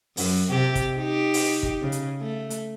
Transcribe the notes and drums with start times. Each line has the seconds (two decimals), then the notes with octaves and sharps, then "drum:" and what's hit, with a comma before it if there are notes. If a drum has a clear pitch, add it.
0.17 F#2, drum: open hi-hat
0.49 C3 G4
0.75 drum: kick, hi-hat
0.94 D#4 G4
1.34 drum: open hi-hat
1.63 drum: kick
1.81 C#3
1.92 drum: hi-hat
2.21 A3
2.50 drum: hi-hat